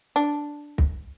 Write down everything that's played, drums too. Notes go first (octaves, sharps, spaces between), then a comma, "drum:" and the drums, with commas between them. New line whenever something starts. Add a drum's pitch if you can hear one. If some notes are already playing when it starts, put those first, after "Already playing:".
D4
drum: kick